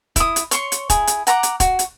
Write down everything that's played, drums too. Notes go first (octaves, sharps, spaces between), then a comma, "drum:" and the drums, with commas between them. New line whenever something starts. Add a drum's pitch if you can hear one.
E4 D#6, drum: kick, hi-hat
drum: hi-hat
C#5 C6 C#6, drum: hi-hat
drum: hi-hat
E4 G#4, drum: kick, hi-hat
drum: hi-hat
F#5 A#5 B5 D6, drum: hi-hat
drum: hi-hat
F#4, drum: kick, hi-hat
drum: hi-hat